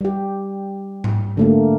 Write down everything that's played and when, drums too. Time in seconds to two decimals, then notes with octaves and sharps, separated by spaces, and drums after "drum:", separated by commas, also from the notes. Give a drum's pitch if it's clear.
0.01 G3 G4
1.04 drum: tom G#2
1.37 D3 A3 A#3